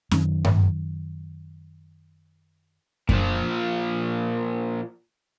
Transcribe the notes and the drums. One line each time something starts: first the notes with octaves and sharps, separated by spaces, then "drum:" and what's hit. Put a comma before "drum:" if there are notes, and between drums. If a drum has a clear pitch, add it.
F#2 D#3, drum: snare
drum: tom G2
A#2 F3, drum: kick F#2